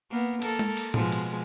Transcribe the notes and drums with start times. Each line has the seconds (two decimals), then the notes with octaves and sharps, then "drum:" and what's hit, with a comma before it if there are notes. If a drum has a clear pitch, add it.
0.10 A#3 B3
0.42 A#3 A4 A#4, drum: cymbal
0.59 drum: tom G#3
0.77 drum: cymbal
0.94 B2 F3 G#3, drum: tom A2
1.12 drum: cymbal